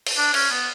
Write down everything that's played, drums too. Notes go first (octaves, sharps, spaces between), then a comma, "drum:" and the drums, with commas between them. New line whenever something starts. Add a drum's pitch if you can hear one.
drum: cymbal
D4
C#4, drum: cymbal
B3